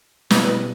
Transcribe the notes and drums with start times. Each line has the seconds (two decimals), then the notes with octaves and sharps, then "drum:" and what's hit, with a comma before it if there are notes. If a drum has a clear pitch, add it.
0.30 B2 G3 B3 E4 B4 D#5, drum: snare
0.45 B4 D#5